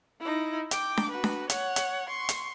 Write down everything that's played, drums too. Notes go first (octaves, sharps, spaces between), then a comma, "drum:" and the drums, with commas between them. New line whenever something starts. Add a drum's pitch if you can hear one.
D#4 E4
G5 D6, drum: hi-hat
drum: snare D4
F#4 B4
drum: snare D4
C#5 F#5, drum: hi-hat
drum: hi-hat
C6 C#6
drum: hi-hat